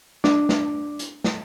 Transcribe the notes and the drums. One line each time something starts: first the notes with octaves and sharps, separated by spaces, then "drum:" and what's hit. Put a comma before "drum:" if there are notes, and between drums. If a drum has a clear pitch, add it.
D4, drum: snare
drum: snare
drum: hi-hat
drum: snare